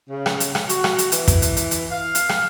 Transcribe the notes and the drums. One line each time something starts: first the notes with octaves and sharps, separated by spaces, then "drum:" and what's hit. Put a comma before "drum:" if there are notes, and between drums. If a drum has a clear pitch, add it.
C#3
drum: rim click
drum: hi-hat
drum: rim click
F#4, drum: hi-hat
drum: rim click
drum: hi-hat
E3, drum: hi-hat
drum: kick, hi-hat
drum: hi-hat
drum: hi-hat
drum: hi-hat
F5
drum: hi-hat
drum: rim click